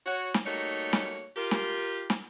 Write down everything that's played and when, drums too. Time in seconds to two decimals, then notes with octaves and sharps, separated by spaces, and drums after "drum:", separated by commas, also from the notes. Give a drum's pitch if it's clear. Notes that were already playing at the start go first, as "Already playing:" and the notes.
0.06 F#4 C#5
0.34 drum: snare
0.46 G3 A3 A#3 D#4 F#4 C#5
0.93 drum: snare
1.37 F4 G4 A#4
1.51 drum: snare
2.10 drum: snare